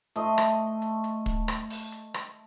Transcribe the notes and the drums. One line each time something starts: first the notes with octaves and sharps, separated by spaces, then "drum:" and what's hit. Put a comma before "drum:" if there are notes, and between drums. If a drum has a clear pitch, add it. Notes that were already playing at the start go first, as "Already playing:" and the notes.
A3 D#5 C6, drum: hi-hat
drum: rim click
drum: hi-hat
drum: hi-hat
drum: kick, hi-hat
drum: rim click
drum: open hi-hat
drum: hi-hat
drum: rim click